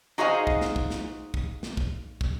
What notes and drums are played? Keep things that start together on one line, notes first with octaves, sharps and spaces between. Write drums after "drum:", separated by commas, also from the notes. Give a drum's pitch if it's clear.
D#4 F#4 G#4 C5 D#5 F5
drum: kick
drum: snare
drum: kick
drum: snare
drum: kick
drum: snare
drum: kick
drum: kick